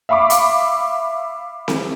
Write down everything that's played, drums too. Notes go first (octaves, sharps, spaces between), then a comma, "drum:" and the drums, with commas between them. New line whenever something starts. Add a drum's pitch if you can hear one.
E5 F5 B5 C#6 D6
drum: hi-hat
drum: snare C4